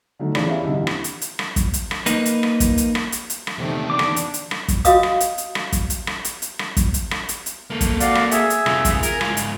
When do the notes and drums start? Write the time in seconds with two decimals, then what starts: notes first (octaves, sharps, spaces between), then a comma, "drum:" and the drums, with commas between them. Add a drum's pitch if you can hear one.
0.19 D3 D#3 F#3 A3
0.35 E2 C#3 E3 G#4 D5 B5, drum: rim click
0.49 F4 G4 E5 F5
0.64 C2 D3 D4 E4 D#5
0.76 D#2 E3
0.87 drum: rim click
1.04 drum: hi-hat
1.21 drum: hi-hat
1.39 drum: rim click
1.56 drum: kick, hi-hat
1.74 drum: hi-hat
1.91 drum: rim click
2.06 A#3 D#4 B4, drum: hi-hat
2.26 drum: hi-hat
2.43 drum: rim click
2.60 drum: kick, hi-hat
2.78 drum: hi-hat
2.95 drum: rim click
3.12 drum: hi-hat
3.30 drum: hi-hat
3.47 drum: rim click
3.58 E2 C3 D#3 A3 C4
3.90 D4 D6
3.99 drum: rim click
4.16 drum: hi-hat
4.34 drum: hi-hat
4.51 drum: rim click
4.68 drum: kick, hi-hat
4.85 F#4 D#5 F5 D#6, drum: hi-hat
5.03 drum: rim click
5.20 drum: hi-hat
5.38 drum: hi-hat
5.55 drum: rim click
5.72 drum: kick, hi-hat
5.90 drum: hi-hat
6.07 drum: rim click
6.25 drum: hi-hat
6.42 drum: hi-hat
6.59 drum: rim click
6.77 drum: kick, hi-hat
6.94 drum: hi-hat
7.11 drum: rim click
7.29 drum: hi-hat
7.46 drum: hi-hat
7.70 A#3 A4
7.81 drum: kick, hi-hat
8.00 F#4 D5 F5, drum: hi-hat
8.15 drum: rim click
8.31 G#4 E5, drum: hi-hat
8.50 drum: hi-hat
8.66 C3 F4, drum: rim click
8.85 drum: kick, hi-hat
9.03 A#4 G#5, drum: hi-hat
9.21 G#2 F4, drum: rim click
9.37 drum: hi-hat